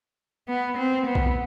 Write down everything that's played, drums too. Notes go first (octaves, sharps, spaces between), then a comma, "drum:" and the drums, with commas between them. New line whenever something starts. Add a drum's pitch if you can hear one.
B3
C4
B3
drum: kick